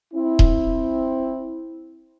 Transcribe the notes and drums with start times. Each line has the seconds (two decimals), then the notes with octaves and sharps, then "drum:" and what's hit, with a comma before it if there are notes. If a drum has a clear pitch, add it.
0.14 C4 E4
0.39 drum: kick D#1